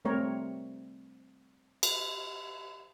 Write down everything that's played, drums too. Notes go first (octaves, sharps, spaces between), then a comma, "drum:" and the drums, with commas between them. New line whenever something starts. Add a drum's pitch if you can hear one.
G3 A3 C4 A#4 C#5
drum: cymbal